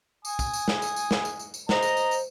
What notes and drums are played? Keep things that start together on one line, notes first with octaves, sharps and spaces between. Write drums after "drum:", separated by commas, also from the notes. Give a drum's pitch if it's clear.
G#5 D#6, drum: tambourine
drum: kick, tambourine
drum: tambourine
drum: snare
drum: tambourine
drum: tambourine
drum: snare
drum: tambourine
drum: tambourine
drum: tambourine
C5 D#5 A#5, drum: snare
drum: tambourine
drum: tambourine
drum: tambourine